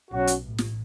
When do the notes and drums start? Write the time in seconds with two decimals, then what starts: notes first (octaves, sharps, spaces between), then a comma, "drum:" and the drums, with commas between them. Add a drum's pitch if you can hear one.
0.11 B1 B2 F#3 C#4 F#4
0.27 drum: hi-hat
0.42 A1 A2
0.58 drum: snare